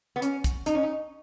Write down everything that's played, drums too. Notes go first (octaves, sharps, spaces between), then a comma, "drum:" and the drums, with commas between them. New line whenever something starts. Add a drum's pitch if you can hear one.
B3
C#4, drum: hi-hat
drum: kick, hi-hat
D#4, drum: hi-hat
C#4
D#4